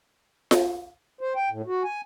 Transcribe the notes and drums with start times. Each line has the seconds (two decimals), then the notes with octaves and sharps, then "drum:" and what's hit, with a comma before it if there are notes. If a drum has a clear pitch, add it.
0.51 drum: snare F4
1.21 C5
1.36 G5
1.50 A2
1.67 F#4
1.84 G#5